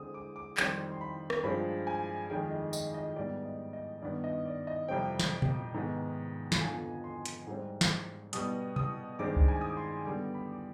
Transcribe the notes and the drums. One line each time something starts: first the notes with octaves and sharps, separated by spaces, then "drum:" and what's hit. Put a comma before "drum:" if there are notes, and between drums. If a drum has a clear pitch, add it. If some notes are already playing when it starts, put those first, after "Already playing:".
Already playing: D3 G#3 C4 D#6
D6
D6
F2 D#3 G3 C4 C6, drum: clap
C6
B5
drum: rim click
G2 F3 G#3 C4 B5
G#5
F2 D#3 G#3 G5
D#5
D#5, drum: tambourine
D#5
G#2 G3 B3 D5
D#5
D#5
G2 D#3 B3 D5
D#5
D5
D#5
F2 C3 G3 C4 G5
drum: snare
drum: tom A#2
G#2 D#3 B3
drum: snare
F2 D3 F3 B3 G#5
C6
drum: hi-hat
G#2 G3 C4
drum: snare
B2 G3 B3 D#6, drum: hi-hat
D#6, drum: tom B2
G2 D#3 G#3 C4 D6
drum: kick C#2
G#5
D#6
D6
C6
D3 G3 B3 D6
B5
D6